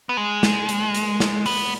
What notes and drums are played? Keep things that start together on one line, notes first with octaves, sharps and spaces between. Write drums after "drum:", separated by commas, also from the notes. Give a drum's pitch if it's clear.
B3
G#3
drum: snare
drum: hi-hat
drum: hi-hat
drum: snare
B3, drum: open hi-hat